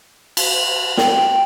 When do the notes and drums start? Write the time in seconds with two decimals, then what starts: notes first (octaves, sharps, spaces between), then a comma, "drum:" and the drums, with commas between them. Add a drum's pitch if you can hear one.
0.37 drum: cymbal
0.97 G5, drum: snare